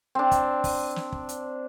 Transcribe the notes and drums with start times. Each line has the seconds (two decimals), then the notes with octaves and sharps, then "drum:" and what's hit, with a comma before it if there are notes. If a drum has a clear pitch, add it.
0.15 C4 D4
0.31 drum: kick, hi-hat
0.64 drum: kick, open hi-hat
0.96 drum: snare
1.12 drum: kick
1.29 drum: hi-hat